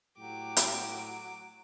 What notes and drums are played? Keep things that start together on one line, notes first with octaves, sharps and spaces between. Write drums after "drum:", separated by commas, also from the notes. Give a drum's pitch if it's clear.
A2 F#3 G4 D6
drum: hi-hat